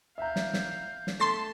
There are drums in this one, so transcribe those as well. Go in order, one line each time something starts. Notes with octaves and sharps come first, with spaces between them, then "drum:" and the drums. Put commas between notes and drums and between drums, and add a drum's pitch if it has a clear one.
E5 F5 A#5 G6
drum: snare
drum: snare
drum: snare
A3 A5 C6 A6 B6